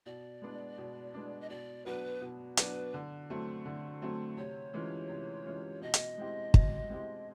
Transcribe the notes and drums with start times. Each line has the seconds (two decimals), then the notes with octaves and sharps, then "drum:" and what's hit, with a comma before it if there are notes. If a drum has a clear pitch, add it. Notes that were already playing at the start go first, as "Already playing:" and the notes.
0.06 B2 D5
0.42 G#3 B3 D4
0.78 B2
1.14 G#3 B3 D4
1.41 D#5
1.49 B2 D5
1.86 F#3 B3 D4 F#4 B4
2.21 B2
2.57 F#3 B3 D4 F#4 B4, drum: hi-hat
2.94 D3
3.30 F#3 A3 C4
3.65 D3
4.02 F#3 A3 C4
4.37 C3 C#5
4.74 E3 G#3 C#4 F4
5.09 C3
5.46 E3 G#3 C#4 F4
5.81 B2 D#5
5.94 drum: hi-hat
6.18 G#3 C4 E4 G4
6.54 B2, drum: kick
6.90 G#3 C4 E4 G4